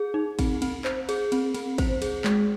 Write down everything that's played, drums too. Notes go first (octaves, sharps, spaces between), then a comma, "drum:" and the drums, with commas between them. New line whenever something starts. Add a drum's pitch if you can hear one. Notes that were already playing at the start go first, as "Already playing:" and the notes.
Already playing: G#4
D#4
C4, drum: kick, cymbal
C4, drum: cymbal
C5, drum: clap
G#4, drum: cymbal
C4, drum: cymbal
C4, drum: cymbal
C5, drum: kick, cymbal
G#4, drum: cymbal
G#3, drum: clap